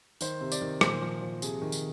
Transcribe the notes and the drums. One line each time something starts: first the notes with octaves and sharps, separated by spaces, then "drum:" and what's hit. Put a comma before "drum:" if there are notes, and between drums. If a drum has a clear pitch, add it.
D#3 C5, drum: tambourine
C3
D5, drum: tambourine
D#3
A#2 C5, drum: rim click
F3
F3
C3 G#4, drum: tambourine
D#3
drum: tambourine